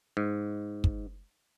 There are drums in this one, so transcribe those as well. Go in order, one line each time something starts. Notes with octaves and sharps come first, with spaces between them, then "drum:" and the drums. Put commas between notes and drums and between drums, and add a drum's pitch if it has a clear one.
G#2
drum: kick